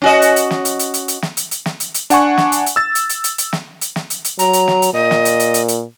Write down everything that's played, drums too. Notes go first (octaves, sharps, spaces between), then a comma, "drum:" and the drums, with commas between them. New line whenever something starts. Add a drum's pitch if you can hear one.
C#4 F#4 D#5
drum: hi-hat
drum: hi-hat
drum: snare
drum: hi-hat
drum: hi-hat
drum: hi-hat
drum: hi-hat
drum: snare
drum: hi-hat
drum: hi-hat
drum: snare
drum: hi-hat
drum: hi-hat
D4 F#5 G#5 C#6, drum: hi-hat
drum: snare
drum: hi-hat
drum: hi-hat
E6 A6
drum: hi-hat
drum: hi-hat
drum: hi-hat
drum: hi-hat
drum: snare
drum: hi-hat
drum: snare
drum: hi-hat
drum: hi-hat
F#3 A#5, drum: hi-hat
drum: hi-hat
drum: snare
drum: hi-hat
A#2 D#5
drum: snare
drum: hi-hat
drum: hi-hat
drum: hi-hat
drum: hi-hat